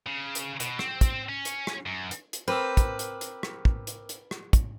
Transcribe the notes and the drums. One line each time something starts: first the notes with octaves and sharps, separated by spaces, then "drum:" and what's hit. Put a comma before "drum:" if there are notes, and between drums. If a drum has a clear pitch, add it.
C#3
drum: hi-hat
B2, drum: hi-hat
C4, drum: rim click
drum: kick, hi-hat
C#4
drum: hi-hat
drum: rim click
F#2
drum: hi-hat
drum: hi-hat
C4 A#4 B4 D6 E6
drum: kick, hi-hat
drum: hi-hat
drum: hi-hat
drum: rim click
drum: kick
drum: hi-hat
drum: hi-hat
drum: rim click
drum: kick, hi-hat